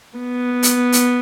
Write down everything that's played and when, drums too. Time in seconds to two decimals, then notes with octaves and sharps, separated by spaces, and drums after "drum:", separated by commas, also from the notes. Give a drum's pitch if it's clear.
0.18 B3
0.63 drum: hi-hat
0.92 drum: hi-hat